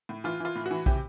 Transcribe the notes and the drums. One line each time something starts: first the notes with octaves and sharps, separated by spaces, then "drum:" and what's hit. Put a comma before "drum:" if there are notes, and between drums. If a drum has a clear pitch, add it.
A2
E3 F4
E3 F4
A2
F#4
E3
C3 G4, drum: kick